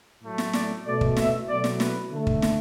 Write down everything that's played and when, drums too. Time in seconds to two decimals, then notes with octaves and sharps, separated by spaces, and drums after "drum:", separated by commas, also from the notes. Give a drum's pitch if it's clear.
0.23 A2 F#3 A3
0.38 drum: snare
0.53 D5, drum: snare
0.85 B2 A3 D5
1.01 drum: kick
1.17 E5, drum: snare
1.48 B2 F#3 A3 D5
1.64 drum: snare
1.80 B4, drum: snare
2.11 D3 A3
2.27 drum: kick
2.42 drum: snare